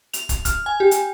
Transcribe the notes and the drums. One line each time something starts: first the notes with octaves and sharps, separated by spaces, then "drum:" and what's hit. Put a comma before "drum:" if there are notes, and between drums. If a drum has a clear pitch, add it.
F7, drum: hi-hat
drum: kick, hi-hat
F6, drum: kick, hi-hat
G#5
G4
drum: hi-hat